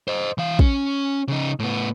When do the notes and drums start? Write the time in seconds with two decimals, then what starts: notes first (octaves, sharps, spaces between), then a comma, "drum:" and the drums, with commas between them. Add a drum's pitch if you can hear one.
0.08 C5 D#5
0.38 E3 F5
0.59 C#4, drum: kick
1.28 C#3 D#4
1.60 A2 B3